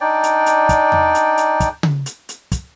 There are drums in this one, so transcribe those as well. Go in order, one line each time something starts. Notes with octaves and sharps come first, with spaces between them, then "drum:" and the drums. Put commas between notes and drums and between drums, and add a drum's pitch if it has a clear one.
D4 D#4 D5 G5
drum: hi-hat
drum: hi-hat
drum: kick, hi-hat
drum: tom E2
drum: hi-hat
drum: hi-hat
drum: kick, hi-hat
drum: tom C#3
drum: hi-hat
drum: hi-hat
drum: kick, hi-hat